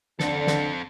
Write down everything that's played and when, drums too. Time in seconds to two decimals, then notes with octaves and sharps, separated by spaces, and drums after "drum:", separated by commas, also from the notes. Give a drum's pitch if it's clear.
0.20 D3 C4 A4, drum: snare
0.47 drum: snare